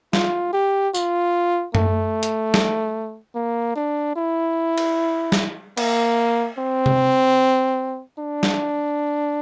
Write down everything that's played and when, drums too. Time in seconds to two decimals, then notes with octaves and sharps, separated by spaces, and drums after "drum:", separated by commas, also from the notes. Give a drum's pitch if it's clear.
0.13 F4, drum: snare
0.53 G4
0.94 F4, drum: tambourine
1.75 A3, drum: tom F#2
2.23 drum: hi-hat
2.54 drum: snare
3.35 A#3
3.76 D4
4.16 E4
4.78 drum: cymbal
5.32 drum: snare
5.77 A#3, drum: cymbal
6.58 C4
6.86 drum: tom C3
8.19 D4
8.43 drum: snare